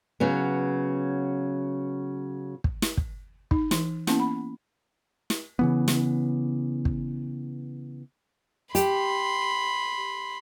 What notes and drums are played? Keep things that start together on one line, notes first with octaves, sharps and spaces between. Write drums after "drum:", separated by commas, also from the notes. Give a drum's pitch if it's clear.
C#3 F#3 B3
drum: kick
drum: snare
drum: kick
D#4, drum: kick
E3, drum: snare
A#3 B3 C#4 E4 F#5 A5, drum: snare
B5
drum: snare
C#3 E3 B3
drum: snare
drum: kick
G4 B5 C6, drum: hi-hat